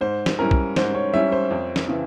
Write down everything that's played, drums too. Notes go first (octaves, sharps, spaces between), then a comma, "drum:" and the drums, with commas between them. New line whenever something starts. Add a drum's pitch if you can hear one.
G#2 C5
drum: snare
G3 C#4 E4 A#4
drum: kick
G#2 C5, drum: snare
C#5
G3 C#4 E4 E5
C5
F2
drum: snare
C#3 E3